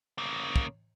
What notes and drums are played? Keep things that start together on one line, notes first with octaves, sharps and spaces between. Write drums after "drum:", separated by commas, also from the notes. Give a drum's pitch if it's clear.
C#3 A#3
drum: kick